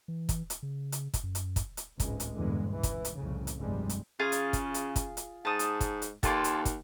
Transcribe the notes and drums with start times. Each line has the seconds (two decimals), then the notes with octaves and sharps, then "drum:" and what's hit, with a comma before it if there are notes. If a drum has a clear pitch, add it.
0.08 E3
0.29 drum: kick, hi-hat
0.50 drum: hi-hat
0.63 C#3
0.92 drum: hi-hat
1.14 drum: kick, hi-hat
1.23 F#2
1.35 drum: hi-hat
1.56 drum: kick, hi-hat
1.77 drum: hi-hat
2.00 G#1 C#2 A2 G#3, drum: kick, hi-hat
2.20 drum: hi-hat
2.37 E2 G2 A#2 D3 G#3
2.69 C#2 E3
2.83 drum: kick, hi-hat
3.05 drum: hi-hat
3.18 C2 F2 A2 C#3
3.47 drum: hi-hat
3.60 F1 G2 G3 G#3
3.89 drum: hi-hat
4.19 C#3 F4 G#4 F5
4.32 drum: hi-hat
4.53 drum: kick, hi-hat
4.74 drum: hi-hat
4.96 drum: kick, hi-hat
5.17 drum: hi-hat
5.45 G#2 A5 D#6
5.59 drum: hi-hat
5.80 drum: kick, hi-hat
6.02 drum: hi-hat
6.23 D#2 A#3 F4 A4, drum: kick, hi-hat
6.44 drum: hi-hat
6.65 drum: kick, hi-hat